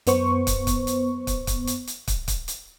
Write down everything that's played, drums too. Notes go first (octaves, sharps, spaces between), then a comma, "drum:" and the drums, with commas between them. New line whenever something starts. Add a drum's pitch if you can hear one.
F#2 B3 C5 C#6, drum: hi-hat
drum: kick, hi-hat
drum: kick, hi-hat
drum: hi-hat
drum: kick, hi-hat
drum: kick, hi-hat
drum: hi-hat
drum: hi-hat
drum: kick, hi-hat
drum: kick, hi-hat
drum: hi-hat